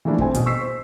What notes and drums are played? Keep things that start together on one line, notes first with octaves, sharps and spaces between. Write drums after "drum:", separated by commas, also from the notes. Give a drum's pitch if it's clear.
E3 F3 A3 A#3 D4 E4
D#1 C4 G#5, drum: kick
B2, drum: hi-hat
C#6 E6 B6 C7
C5